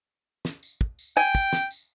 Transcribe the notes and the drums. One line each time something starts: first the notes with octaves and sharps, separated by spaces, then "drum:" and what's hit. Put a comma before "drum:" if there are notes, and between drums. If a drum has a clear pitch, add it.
drum: snare
drum: tambourine
drum: kick
drum: tambourine
G5 G#5
drum: kick, tambourine
drum: snare
drum: tambourine